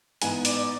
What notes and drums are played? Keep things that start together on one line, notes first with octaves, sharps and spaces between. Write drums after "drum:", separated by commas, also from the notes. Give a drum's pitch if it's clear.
G#2 E3 B3 G#5, drum: hi-hat
D5, drum: hi-hat
D5